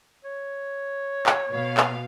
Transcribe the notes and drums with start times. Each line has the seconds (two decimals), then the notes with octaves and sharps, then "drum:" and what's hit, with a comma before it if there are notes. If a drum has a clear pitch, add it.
0.25 C#5
1.26 drum: clap
1.52 B2 B3 F5
1.77 drum: clap